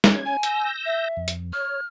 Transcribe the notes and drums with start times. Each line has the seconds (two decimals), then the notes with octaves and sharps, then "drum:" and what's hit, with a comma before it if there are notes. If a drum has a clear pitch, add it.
0.04 C#4 G#6, drum: snare
0.25 G#5
0.43 E6 G6 A#6, drum: hi-hat
0.86 E5
1.17 F2
1.28 drum: hi-hat
1.53 C#5 F6